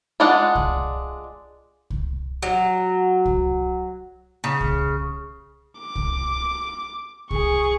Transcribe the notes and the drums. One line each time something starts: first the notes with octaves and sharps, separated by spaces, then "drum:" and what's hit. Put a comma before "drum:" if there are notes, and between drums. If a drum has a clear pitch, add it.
G#3 D4 F4 D5 F#5
drum: kick C2
drum: kick C2
F#3
drum: kick C2
C#3
drum: kick C2
D6
drum: kick C2
G#4 C#6, drum: kick C2